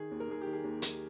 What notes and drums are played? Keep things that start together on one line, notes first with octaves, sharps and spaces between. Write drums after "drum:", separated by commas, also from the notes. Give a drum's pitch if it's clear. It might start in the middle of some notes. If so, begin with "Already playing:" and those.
Already playing: D#3 G#4
D#2
A#4
D#2 G#4
D#3 G4
G#4
D#2
D#2, drum: hi-hat